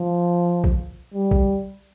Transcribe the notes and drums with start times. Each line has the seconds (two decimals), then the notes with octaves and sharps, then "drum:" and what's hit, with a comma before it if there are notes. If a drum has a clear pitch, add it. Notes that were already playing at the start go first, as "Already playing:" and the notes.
Already playing: F3
0.64 drum: kick A#1
1.14 G3
1.31 drum: kick A#1